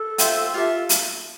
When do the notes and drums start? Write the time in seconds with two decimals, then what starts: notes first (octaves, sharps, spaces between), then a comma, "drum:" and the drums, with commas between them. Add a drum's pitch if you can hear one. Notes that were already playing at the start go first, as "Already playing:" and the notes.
Already playing: A4
0.18 F4 C5 E5 G5, drum: hi-hat
0.54 F4 G4 A4 E5
0.89 drum: hi-hat